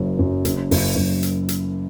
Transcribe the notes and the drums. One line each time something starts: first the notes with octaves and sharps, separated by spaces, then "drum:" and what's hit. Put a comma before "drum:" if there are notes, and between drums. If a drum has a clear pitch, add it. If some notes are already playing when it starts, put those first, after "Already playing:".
Already playing: F#1 F#2
F#2
F#1, drum: hi-hat
F#1, drum: open hi-hat
F#1
drum: hi-hat
drum: hi-hat